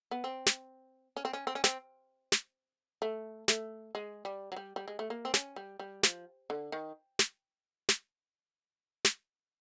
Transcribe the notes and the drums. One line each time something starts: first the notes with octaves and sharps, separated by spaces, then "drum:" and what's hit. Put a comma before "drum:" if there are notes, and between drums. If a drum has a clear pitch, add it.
B3
C4
drum: snare
C#4
C4
C#4
C4
C#4
C4, drum: snare
drum: snare
A3
A3, drum: snare
G#3
G3
F#3
G3
G3
G#3
A3
A#3
C4
C#4, drum: snare
G3
G3
F3, drum: snare
D3
D#3
drum: snare
drum: snare
drum: snare